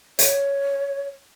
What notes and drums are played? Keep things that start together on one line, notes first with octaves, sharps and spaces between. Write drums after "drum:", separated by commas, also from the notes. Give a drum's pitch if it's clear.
C#5, drum: hi-hat